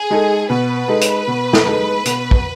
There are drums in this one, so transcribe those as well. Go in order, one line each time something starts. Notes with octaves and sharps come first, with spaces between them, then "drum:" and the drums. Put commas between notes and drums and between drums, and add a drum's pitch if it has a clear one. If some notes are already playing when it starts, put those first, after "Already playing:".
Already playing: G#4
G#3 D#4 A4
B2 B4
G#3 D#4 A4
drum: hi-hat
B2
drum: snare
G#3 D#4 A4
B2, drum: hi-hat
drum: kick